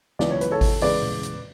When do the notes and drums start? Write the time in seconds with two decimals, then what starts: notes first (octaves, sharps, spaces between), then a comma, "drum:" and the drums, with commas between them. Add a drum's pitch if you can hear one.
0.19 C#2 C#3 E3 B3 D5, drum: snare
0.31 C#5
0.41 B4, drum: hi-hat
0.51 A4 C#5
0.61 drum: kick G#1, open hi-hat
0.81 E2 C#3 G#3 B4 D5, drum: open hi-hat
1.02 drum: tom A#2
1.23 drum: hi-hat